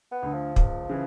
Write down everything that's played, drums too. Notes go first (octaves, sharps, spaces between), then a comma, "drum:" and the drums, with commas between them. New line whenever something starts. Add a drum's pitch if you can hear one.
B3
D2 D3
F3
C#2, drum: kick
C#3 E3